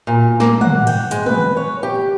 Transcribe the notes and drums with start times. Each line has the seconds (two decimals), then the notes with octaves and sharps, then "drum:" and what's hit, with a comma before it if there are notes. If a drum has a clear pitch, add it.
0.07 A#2
0.40 A#3, drum: snare
0.61 F#5, drum: tom
0.87 G5, drum: cymbal
1.11 G#3, drum: hi-hat
1.26 B4, drum: tom
1.57 C#5
1.83 G4